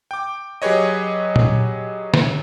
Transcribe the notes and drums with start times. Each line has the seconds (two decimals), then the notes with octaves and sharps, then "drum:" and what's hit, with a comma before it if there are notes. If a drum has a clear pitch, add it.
0.11 G5 D6
0.62 F#3 G4 G#4 B4 C#5 D#5
1.36 drum: tom A#2
2.14 drum: snare